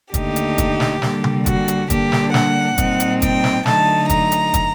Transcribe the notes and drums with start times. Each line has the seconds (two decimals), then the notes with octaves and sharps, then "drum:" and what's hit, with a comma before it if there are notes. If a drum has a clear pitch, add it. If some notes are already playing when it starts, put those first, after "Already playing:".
0.14 D#2 D3 A3 D#4 G4, drum: kick, hi-hat
0.36 drum: hi-hat
0.58 drum: kick, hi-hat
0.80 drum: snare
1.02 D3 G3 A#3, drum: snare
1.24 drum: tom C3
1.46 F#4, drum: kick, hi-hat
1.68 drum: hi-hat
1.90 D3 G3 A#3 D4 G4, drum: kick, hi-hat
2.12 drum: snare
2.34 F#5, drum: snare
2.78 A#2 G3 C4 D#4, drum: kick, hi-hat
3.00 drum: hi-hat
3.22 G5, drum: kick, hi-hat
3.44 drum: snare
3.66 D3 F#3 A3 D#4 A5, drum: snare
4.09 A#5, drum: kick, hi-hat
4.32 drum: hi-hat
4.54 drum: kick, hi-hat